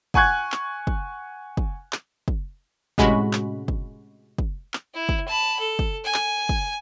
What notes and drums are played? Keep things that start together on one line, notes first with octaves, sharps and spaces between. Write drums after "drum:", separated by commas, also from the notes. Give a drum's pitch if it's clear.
F#5 G#5 C#6 F#6 G#6, drum: kick
drum: clap
drum: kick
drum: kick
drum: clap
drum: kick
A2 C3 G#3 C#4 F#4 B5, drum: kick
drum: clap
drum: kick
drum: kick
drum: clap
E4
drum: kick
A5 B5
A4
drum: kick
G#5
drum: clap
drum: kick